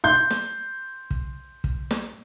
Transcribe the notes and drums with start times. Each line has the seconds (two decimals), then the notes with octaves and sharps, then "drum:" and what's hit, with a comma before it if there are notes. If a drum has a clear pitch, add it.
0.04 C6 G6
0.30 drum: snare
1.11 drum: kick
1.64 drum: kick
1.91 drum: snare